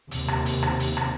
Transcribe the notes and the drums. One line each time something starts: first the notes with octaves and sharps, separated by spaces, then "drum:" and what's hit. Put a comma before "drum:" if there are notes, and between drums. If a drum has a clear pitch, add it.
D#2 C3, drum: hi-hat
drum: rim click
drum: hi-hat
drum: rim click
drum: hi-hat
drum: rim click